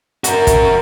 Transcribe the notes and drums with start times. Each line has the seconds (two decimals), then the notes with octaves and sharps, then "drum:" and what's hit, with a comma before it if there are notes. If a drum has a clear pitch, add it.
0.24 F#4 A#4, drum: hi-hat
0.47 drum: kick, hi-hat